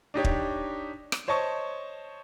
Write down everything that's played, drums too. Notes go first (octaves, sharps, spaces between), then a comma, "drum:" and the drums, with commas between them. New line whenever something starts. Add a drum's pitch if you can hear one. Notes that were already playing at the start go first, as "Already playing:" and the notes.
D4 D#4 G4 C#5
drum: kick
drum: rim click
C5 C#5 D#5 A5 C#6